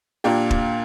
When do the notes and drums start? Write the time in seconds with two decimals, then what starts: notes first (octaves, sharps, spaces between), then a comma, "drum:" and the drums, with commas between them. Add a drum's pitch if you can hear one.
0.24 A#2 A#3 D4 G4
0.51 drum: kick